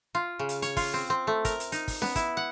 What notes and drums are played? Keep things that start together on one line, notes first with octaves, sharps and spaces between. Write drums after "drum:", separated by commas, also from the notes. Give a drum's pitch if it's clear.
F4
C#3
drum: hi-hat
C#5, drum: hi-hat
F4, drum: kick, open hi-hat
C4
C4
A3
A#4, drum: kick, hi-hat
drum: hi-hat
D#4, drum: hi-hat
drum: kick, open hi-hat
B3, drum: snare C#4
E4, drum: kick, hi-hat
F#5